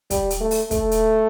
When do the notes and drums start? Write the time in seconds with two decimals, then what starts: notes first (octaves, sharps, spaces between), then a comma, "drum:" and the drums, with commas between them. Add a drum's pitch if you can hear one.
0.10 G3, drum: kick, hi-hat
0.30 drum: hi-hat
0.40 A3
0.51 drum: open hi-hat
0.71 A3, drum: kick, hi-hat
0.91 drum: hi-hat